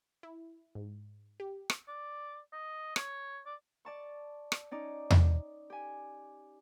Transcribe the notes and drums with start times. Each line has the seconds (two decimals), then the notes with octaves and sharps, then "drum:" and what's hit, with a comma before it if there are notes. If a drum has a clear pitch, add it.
0.23 E4
0.75 G#2
1.40 G4
1.70 drum: rim click
1.88 D5
2.53 D#5
2.96 C#5, drum: rim click
3.46 D5
3.85 D5 A5 C#6
4.52 drum: rim click
4.71 C#4 D#4 D5
5.10 drum: tom E2
5.70 G4 G#5